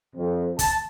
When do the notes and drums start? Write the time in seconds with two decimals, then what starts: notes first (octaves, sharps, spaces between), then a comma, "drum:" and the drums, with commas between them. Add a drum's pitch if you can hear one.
0.16 F2
0.59 A5, drum: kick, hi-hat